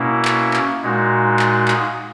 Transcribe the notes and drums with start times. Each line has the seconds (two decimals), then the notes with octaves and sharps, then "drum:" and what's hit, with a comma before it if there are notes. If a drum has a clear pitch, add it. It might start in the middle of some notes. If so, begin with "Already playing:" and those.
Already playing: B2 A#3 C#4 E4
0.25 drum: clap
0.54 drum: clap
0.82 A#2 G#3 D#4 F#4
1.39 drum: clap
1.68 drum: clap